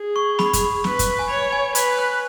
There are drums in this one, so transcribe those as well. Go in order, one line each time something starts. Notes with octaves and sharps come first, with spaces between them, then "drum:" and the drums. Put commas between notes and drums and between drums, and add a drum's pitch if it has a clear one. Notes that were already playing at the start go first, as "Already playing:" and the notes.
Already playing: G#4
C#6
B5, drum: snare
drum: kick, hi-hat
B4, drum: snare
drum: kick, hi-hat
G#5
C#5 B5
G#5
B4 B5, drum: hi-hat
F#6